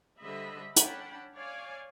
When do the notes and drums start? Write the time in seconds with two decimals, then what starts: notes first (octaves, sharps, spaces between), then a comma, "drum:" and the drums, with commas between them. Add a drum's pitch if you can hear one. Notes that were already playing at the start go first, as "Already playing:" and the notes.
0.21 D3 G3 C5 D#5 E5 B5
0.76 C#4 D4 F#5 G5 A5 B5, drum: hi-hat
1.37 C#5 D5 F5 G#5